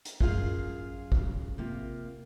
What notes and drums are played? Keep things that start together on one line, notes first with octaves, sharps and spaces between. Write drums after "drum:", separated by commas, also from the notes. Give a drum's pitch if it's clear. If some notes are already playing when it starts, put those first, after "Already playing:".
drum: hi-hat
F#2 F4 G#4 F5, drum: kick
drum: kick
C3 A#3 F4